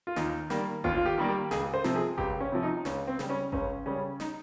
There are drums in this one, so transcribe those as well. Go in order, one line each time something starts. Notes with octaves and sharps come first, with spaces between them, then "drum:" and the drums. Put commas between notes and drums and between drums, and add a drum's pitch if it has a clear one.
F4
D#2 D#4, drum: snare
D#3 G3 A#3, drum: snare
D#2 F4, drum: kick G#1
F4
G4
D#3 G3 A#3
G4
C#2 G#4, drum: snare
C5
C3 F3, drum: snare
G#4
C#2 G4, drum: kick G#1
C#4
C3 F3
D#4
C#2 C#4, drum: snare
C4
C#3 G3, drum: snare
C#4
C#2 C#4, drum: kick G#1
C#3 G3 C#4
D#4, drum: snare